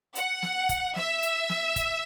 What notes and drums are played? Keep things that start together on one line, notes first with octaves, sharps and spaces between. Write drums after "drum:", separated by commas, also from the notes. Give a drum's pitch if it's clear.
F#5, drum: hi-hat
drum: snare
drum: kick, hi-hat
E5, drum: snare
drum: hi-hat
drum: snare
drum: kick, hi-hat